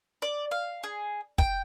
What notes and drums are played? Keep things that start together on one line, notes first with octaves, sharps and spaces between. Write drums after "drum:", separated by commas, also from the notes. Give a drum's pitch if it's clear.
D5
F5
G#4
G5, drum: kick